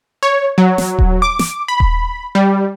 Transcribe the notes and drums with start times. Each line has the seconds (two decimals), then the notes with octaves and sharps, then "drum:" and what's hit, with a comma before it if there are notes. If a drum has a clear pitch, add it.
0.23 C#5
0.58 F#3
0.78 drum: snare
0.99 drum: kick D#1
1.22 D6
1.39 drum: snare
1.68 B5
1.80 drum: kick D#1
2.35 G3